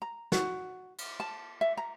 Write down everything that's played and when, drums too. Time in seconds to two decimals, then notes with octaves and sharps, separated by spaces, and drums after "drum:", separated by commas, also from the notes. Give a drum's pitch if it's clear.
0.02 A#5
0.32 F#4, drum: snare
0.98 drum: cymbal
1.20 A5
1.61 E5
1.77 A#5